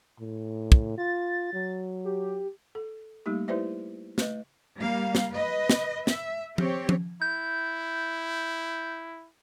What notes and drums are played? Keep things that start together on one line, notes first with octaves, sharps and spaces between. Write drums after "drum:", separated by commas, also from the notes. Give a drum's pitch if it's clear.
A2
drum: kick
F4 A6
F#3
G4
A4
G3 A3 A#3 D#4 G4
E4 G4 B4 C5 D5 E5
A3 B4 D#5, drum: snare
G3 A#3 F5
drum: snare
B4 D#5
drum: snare
E5, drum: snare
C4 G4 C#5, drum: tom F3
drum: tom F3
E4 G6